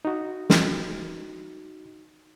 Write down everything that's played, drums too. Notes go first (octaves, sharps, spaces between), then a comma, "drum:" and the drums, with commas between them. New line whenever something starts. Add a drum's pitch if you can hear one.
D#4 F#4
drum: snare